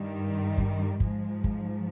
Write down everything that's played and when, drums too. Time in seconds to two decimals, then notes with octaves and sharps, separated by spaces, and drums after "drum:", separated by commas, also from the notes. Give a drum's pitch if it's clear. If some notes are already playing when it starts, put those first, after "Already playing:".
Already playing: G2 D#3 G3
0.58 drum: kick
1.00 G#2 F3 G#3, drum: kick
1.44 drum: kick